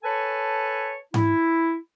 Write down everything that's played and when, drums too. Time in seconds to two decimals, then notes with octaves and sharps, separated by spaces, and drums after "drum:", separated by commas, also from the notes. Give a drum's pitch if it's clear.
0.03 A4 B4 C#5 G#5 A5
1.14 E4, drum: tom G#2